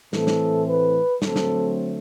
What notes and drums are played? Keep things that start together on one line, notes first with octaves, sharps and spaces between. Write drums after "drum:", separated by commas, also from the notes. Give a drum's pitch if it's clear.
A2 E3 A3 C4 A4, drum: snare
drum: snare
B4
D3 F#3 A3 C4 A4, drum: snare
drum: snare